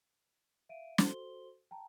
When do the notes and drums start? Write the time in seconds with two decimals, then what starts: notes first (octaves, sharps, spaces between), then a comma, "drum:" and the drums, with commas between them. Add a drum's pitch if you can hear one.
0.69 E5 F5 D7 D#7
0.98 F#4 A4 C5 C6 G7, drum: snare
1.71 G5 A5 A#5